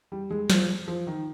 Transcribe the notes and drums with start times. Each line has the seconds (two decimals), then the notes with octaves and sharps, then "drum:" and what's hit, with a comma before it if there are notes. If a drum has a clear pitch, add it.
0.12 G3
0.31 G#3
0.50 F3, drum: snare
0.88 F3
1.07 D#3